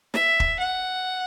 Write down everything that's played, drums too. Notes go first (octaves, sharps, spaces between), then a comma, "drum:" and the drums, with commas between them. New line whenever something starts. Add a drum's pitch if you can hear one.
E5, drum: snare
drum: kick
F#5